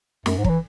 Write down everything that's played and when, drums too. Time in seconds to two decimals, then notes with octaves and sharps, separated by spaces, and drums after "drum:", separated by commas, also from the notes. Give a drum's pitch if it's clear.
0.26 F#2, drum: snare
0.38 G#2
0.44 F#3, drum: kick
0.49 E3